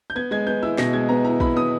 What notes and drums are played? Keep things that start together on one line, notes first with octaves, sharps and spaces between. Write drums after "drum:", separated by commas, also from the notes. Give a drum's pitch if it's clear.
G6
B3 G#6
G#3 G#6
B3 G6
E4 E6
B2 A#6, drum: snare
G#3 G#6
B3 A#5
E4 A#5
E4 B5, drum: kick
B3 D#6